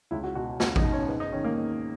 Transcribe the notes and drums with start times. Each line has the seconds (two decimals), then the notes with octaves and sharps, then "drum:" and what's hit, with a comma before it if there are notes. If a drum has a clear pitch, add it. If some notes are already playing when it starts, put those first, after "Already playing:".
0.11 C#2 E4
0.24 F#4
0.35 B2 F#4
0.60 C#2 F#4, drum: snare
0.76 D#4, drum: kick A1
0.84 B2
0.92 C#4
1.08 G#2 B3
1.20 D#4
1.33 D#3 C#4
1.44 A#3
1.57 G#2